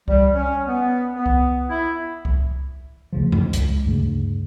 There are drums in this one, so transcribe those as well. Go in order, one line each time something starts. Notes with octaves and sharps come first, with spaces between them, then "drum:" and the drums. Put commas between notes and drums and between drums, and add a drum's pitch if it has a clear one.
G3, drum: kick C2
C#4
B3
B3
drum: kick C2
E4
drum: kick C2
D2 C#3 F3
drum: tom F#2
C#2, drum: hi-hat
D2 G2 C#3